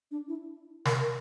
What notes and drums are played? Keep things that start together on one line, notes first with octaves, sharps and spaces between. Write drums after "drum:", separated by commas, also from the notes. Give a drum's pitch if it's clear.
D4
E4
A#4, drum: snare
A#4